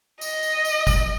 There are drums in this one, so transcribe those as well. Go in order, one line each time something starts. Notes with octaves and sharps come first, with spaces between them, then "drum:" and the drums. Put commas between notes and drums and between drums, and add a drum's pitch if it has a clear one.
D#5, drum: tambourine
drum: tambourine
drum: tambourine
drum: kick F#1, tambourine